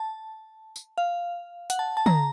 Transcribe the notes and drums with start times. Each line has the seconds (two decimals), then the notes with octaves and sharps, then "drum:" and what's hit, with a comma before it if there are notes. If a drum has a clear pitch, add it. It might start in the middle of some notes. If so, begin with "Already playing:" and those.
Already playing: A5
0.76 drum: tambourine
0.98 F5
1.70 F#5, drum: hi-hat
1.79 A5
1.97 A5
2.06 A#5, drum: tom